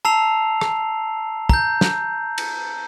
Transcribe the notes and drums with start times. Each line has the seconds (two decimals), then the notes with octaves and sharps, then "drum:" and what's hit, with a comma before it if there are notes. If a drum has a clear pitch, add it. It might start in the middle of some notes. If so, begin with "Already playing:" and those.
0.05 A5 A#5 E6 C7 F7
0.61 drum: rim click
1.49 A#5 G6, drum: kick
1.81 drum: snare
2.38 drum: cymbal